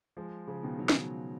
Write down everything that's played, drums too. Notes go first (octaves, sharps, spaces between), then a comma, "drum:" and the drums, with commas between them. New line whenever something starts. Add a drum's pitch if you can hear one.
F3 G#3
C#3 F3
B2 D#3
D#3 F#3
drum: snare